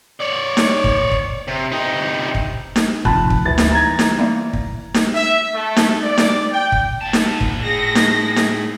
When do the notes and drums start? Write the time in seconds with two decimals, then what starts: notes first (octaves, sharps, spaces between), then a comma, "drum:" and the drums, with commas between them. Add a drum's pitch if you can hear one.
0.20 C#5 D5
0.57 drum: snare D#4
0.84 drum: kick
1.11 drum: kick
1.48 C3
1.72 C3 D#4
2.35 drum: kick
2.76 drum: snare D#4
3.05 F1 C4 F4 A5 B5 F#6, drum: kick
3.30 drum: kick
3.45 D2 E3 A6
3.58 drum: snare D#4
3.71 A#5 G#6
3.99 drum: snare D#4
4.19 G3 A3 A#3
4.53 drum: kick
4.94 drum: snare D#4
5.13 E5
5.53 A3
5.76 drum: snare D#4
6.02 D5
6.18 drum: snare D#4
6.51 G5
6.72 drum: kick
7.01 A#2 A5
7.13 drum: snare D#4
7.41 drum: kick
7.63 A2 G#4 A#6
7.95 drum: snare D#4
8.36 drum: snare D#4